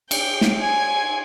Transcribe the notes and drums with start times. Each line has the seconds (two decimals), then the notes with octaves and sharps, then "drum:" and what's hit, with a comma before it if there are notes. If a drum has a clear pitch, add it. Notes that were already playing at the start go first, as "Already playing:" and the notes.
0.11 G5, drum: cymbal
0.41 drum: snare
0.61 G#5